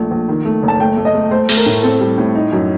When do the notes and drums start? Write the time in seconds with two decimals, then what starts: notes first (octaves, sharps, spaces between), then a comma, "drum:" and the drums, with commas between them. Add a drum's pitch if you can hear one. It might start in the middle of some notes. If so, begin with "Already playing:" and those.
Already playing: A#1 A3
0.11 A#1
0.28 D#3
0.45 A3
0.63 F#1
0.68 A5
0.80 A3 G5
0.97 A3
1.05 D#5
1.14 A3
1.31 A3 C5
1.49 A3, drum: open hi-hat
1.58 A#4
1.66 A2
1.83 C4 A4
2.01 G3
2.18 A2
2.35 D#4
2.52 F#2